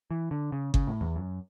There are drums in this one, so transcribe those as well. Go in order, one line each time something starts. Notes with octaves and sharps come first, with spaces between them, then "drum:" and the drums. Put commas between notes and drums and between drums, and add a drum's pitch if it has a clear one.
E3
D3
C#3
C#3, drum: kick G1
A2
E2
F#2